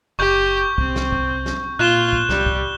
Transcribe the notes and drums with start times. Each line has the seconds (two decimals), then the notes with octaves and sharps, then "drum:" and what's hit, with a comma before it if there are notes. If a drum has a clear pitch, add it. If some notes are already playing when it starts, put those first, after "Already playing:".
0.19 F#1 G4 C#6 G6
0.78 C2 C4, drum: kick
0.96 drum: snare
1.12 drum: kick
1.46 drum: snare
1.79 A#2 F4 F#6 E7 G7
2.13 drum: kick
2.29 C2 G3, drum: snare
2.46 drum: kick